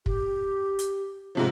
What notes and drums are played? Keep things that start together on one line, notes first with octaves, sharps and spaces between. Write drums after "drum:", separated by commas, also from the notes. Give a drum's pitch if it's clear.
G4, drum: kick
drum: hi-hat
G#2 C3 F3